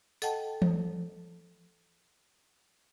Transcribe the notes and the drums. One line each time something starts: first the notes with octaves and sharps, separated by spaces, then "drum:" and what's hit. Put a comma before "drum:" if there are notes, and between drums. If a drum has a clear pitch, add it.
A4 D#5 F#5 G5 A5, drum: tambourine
drum: tom E3